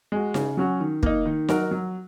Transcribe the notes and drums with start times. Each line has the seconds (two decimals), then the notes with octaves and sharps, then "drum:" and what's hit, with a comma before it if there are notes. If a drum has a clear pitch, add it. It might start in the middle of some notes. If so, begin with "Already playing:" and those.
0.12 G#3 F#4
0.34 C#3, drum: snare D#4
0.57 F#3 C#4 F#4
0.80 D#3
1.03 A#3 D#4, drum: kick
1.25 D#3
1.49 F#3 D#4 F#4 A#4, drum: snare D#4
1.71 F#3